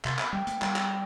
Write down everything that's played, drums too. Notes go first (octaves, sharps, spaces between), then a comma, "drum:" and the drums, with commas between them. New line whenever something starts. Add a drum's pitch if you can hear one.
C3 C6, drum: clap
B5, drum: clap
G3 G5
A3, drum: hi-hat
G3, drum: clap
drum: clap